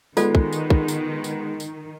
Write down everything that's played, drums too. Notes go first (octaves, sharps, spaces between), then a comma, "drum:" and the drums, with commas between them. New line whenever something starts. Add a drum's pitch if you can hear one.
D#3 G#3 B3 F4 A4 D5, drum: tambourine
drum: kick
drum: tambourine
drum: kick
drum: tambourine
drum: tambourine
drum: tambourine